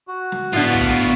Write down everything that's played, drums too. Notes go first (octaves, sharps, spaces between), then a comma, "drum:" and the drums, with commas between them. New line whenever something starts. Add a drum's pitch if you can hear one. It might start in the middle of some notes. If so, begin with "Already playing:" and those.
F#4
drum: snare
A2 D3 B3 F4
drum: kick